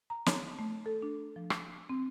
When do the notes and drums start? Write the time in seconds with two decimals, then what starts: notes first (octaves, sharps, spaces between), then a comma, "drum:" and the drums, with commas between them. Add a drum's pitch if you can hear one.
0.10 A#5
0.26 C#5, drum: snare
0.59 A3
0.86 A4
1.02 D4
1.36 F3
1.50 drum: rim click
1.89 C4